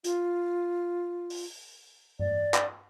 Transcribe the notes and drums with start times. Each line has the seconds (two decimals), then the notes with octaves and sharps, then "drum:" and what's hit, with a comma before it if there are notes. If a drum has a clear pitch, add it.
0.04 F4, drum: hi-hat
1.30 drum: open hi-hat
2.19 D5, drum: tom G2
2.54 drum: clap